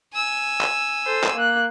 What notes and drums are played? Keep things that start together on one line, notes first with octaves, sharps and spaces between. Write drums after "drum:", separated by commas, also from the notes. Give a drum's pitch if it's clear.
G#5 E6
drum: clap
A4 C5
drum: clap
A#3 F#6